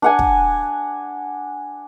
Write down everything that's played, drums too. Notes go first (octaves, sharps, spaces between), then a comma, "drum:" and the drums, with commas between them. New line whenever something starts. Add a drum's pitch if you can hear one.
D4 F#5 G#5
drum: kick